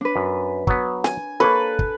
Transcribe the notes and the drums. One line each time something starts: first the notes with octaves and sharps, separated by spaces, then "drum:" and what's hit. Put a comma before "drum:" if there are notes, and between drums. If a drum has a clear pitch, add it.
D4 B4
F#2
F#3 B3, drum: kick
G#5, drum: snare
A#3 A4 B4 C#5
drum: kick